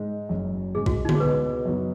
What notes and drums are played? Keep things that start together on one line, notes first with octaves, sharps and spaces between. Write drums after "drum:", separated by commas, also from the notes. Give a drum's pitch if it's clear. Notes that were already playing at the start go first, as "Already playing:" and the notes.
Already playing: G#2 G#3 D#4
F#1 F#2 C#3
G#2 G#3 C#4 G#4
F#4, drum: kick A#1
D#4
F#4, drum: tom D3
G#4
C#2 B2 G#3 B4
F#2 F#3 B3 D#4